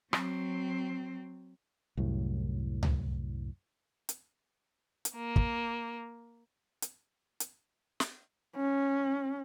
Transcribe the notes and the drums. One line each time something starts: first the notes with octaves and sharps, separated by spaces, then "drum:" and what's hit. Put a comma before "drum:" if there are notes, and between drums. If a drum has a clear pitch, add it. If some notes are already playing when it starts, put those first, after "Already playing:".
F#3 C4, drum: rim click
C2 F#2 A2
drum: tom C#2
drum: hi-hat
drum: hi-hat
A#3
drum: kick
drum: hi-hat
drum: hi-hat
drum: snare
C#4